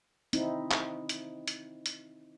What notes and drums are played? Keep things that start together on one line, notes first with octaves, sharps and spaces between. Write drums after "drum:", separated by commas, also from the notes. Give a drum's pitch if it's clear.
C4 D#4 E4, drum: hi-hat
drum: clap
drum: hi-hat
drum: hi-hat
drum: hi-hat